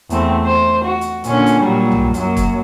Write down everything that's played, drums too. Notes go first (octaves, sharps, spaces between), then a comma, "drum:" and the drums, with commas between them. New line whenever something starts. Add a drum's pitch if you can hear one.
E2 A3 C4, drum: hi-hat
C5
F#4
drum: hi-hat
A#2 D3 C#4, drum: hi-hat
drum: hi-hat
A#2 F#3 G3
drum: tom B1
F#2 F#3 A#3, drum: hi-hat
drum: kick, hi-hat